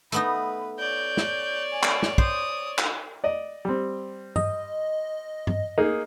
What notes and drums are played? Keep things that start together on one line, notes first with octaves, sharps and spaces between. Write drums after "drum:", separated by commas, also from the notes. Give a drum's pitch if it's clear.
A3 B3 D#4 B4, drum: hi-hat
C#5 D5 G6
drum: snare
G#5
drum: clap
drum: snare
C5 D#6, drum: kick
drum: clap
D5 D#5
G3 C4
D#5, drum: tom G2
drum: tom G2
A#3 D#4 G#4